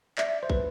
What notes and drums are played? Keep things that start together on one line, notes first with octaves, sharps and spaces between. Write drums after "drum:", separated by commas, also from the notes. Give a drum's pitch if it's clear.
D5 E5, drum: clap
C5
B4, drum: kick